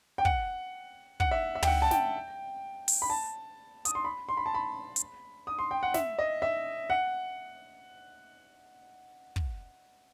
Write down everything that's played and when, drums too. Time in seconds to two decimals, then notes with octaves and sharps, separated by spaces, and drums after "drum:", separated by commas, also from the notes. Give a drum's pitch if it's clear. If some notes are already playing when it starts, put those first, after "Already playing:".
0.18 G5
0.25 F#5, drum: kick
1.20 F#5, drum: kick
1.31 E5
1.55 E5
1.63 G5, drum: tom
1.67 F#5
1.82 A5
1.91 G5, drum: snare
2.88 drum: open hi-hat
3.02 B5
3.10 A5
3.85 D#6, drum: hi-hat
3.95 C6
4.05 B5
4.29 C6
4.37 B5
4.46 A5
4.54 B5
4.96 drum: hi-hat
5.47 D#6
5.59 C6
5.71 G5
5.83 F#5
5.94 E5, drum: snare
6.19 D#5
6.42 E5
6.90 F#5
9.36 drum: kick